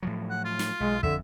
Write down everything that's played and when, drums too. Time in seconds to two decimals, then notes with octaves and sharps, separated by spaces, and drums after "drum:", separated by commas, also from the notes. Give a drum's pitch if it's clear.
0.03 A2 F3 F#3
0.30 F#5
0.45 F4
0.59 drum: snare
0.80 B1 G#3
1.03 F2 D3 E5, drum: kick